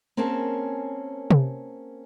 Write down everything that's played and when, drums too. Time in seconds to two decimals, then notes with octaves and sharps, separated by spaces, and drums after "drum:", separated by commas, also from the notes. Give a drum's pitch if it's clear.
0.17 A#3 C4 C#4 G#4 A#4 A5
1.31 drum: tom C3